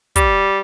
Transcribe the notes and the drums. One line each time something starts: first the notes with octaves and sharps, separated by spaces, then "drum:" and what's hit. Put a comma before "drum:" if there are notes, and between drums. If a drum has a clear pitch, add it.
G3, drum: kick, hi-hat